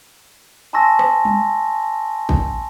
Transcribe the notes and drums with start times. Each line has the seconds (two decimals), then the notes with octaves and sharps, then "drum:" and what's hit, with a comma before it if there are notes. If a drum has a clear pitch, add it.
0.73 G#5 A5 C6 C#6 E6 A#6
0.99 drum: rim click
1.25 drum: tom G3
2.29 drum: kick A1